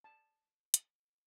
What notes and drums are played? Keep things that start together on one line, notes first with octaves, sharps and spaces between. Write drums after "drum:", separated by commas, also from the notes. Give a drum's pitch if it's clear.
A5
drum: hi-hat